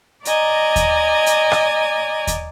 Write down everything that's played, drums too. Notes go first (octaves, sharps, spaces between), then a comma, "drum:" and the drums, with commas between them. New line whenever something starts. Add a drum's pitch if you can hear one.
D5 D#5 G#5 A#5, drum: hi-hat
drum: kick D#2, hi-hat
drum: hi-hat
drum: rim click
drum: kick D#2, hi-hat